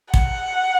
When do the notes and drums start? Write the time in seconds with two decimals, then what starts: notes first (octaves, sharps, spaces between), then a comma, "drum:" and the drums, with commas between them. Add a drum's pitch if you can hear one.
0.14 F#5, drum: kick